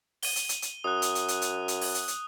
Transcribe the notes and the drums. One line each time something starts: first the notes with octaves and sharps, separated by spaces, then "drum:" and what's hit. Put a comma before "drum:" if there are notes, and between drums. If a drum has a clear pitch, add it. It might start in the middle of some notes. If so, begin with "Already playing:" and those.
D#7 G7, drum: open hi-hat
drum: hi-hat
drum: hi-hat
drum: hi-hat
F#2 D#6 F#6
drum: hi-hat
drum: hi-hat
drum: hi-hat
drum: hi-hat
drum: hi-hat
drum: open hi-hat
drum: hi-hat
drum: hi-hat